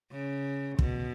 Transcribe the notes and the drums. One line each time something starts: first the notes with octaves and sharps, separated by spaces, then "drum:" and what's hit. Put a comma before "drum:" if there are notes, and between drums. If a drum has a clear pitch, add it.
C#3
B2, drum: kick